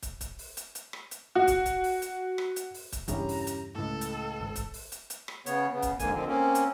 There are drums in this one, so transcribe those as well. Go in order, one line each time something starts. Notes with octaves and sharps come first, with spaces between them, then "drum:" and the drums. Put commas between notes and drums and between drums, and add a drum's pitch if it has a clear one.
drum: kick, hi-hat
drum: kick, hi-hat
drum: open hi-hat
drum: hi-hat
drum: hi-hat
drum: rim click
drum: hi-hat
F#4
drum: kick, hi-hat
drum: kick, hi-hat
drum: open hi-hat
drum: hi-hat
drum: rim click
drum: hi-hat
drum: open hi-hat
drum: kick, hi-hat
E2 G2 C#3 C#4 E4 G4 A#5, drum: kick, hi-hat
drum: open hi-hat
drum: hi-hat
C#2 A2 A4
drum: hi-hat
G#1
drum: kick, hi-hat
drum: open hi-hat
drum: hi-hat
drum: hi-hat
drum: rim click
C#3 B3 C#5, drum: hi-hat
C#3 B3
drum: kick, hi-hat
F2 G#2 D3 A#3 G#5, drum: kick, hi-hat
D3 D#3 F3 C4
A#3 C4 C#4
drum: hi-hat